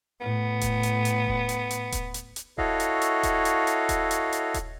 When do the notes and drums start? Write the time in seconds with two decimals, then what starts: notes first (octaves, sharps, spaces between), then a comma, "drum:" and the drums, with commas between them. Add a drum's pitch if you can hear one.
0.21 A2 B3
0.61 drum: kick D#1, hi-hat
0.83 drum: hi-hat
1.05 drum: hi-hat
1.27 drum: kick D#1
1.49 drum: hi-hat
1.71 drum: hi-hat
1.92 drum: kick D#1, hi-hat
2.14 drum: hi-hat
2.36 drum: hi-hat
2.58 E4 F#4 A4 C#5 D#5 F5, drum: kick D#1
2.80 drum: hi-hat
3.01 drum: hi-hat
3.23 drum: kick D#1, hi-hat
3.45 drum: hi-hat
3.67 drum: hi-hat
3.89 drum: kick D#1, hi-hat
4.11 drum: hi-hat
4.32 drum: hi-hat
4.54 drum: kick D#1, hi-hat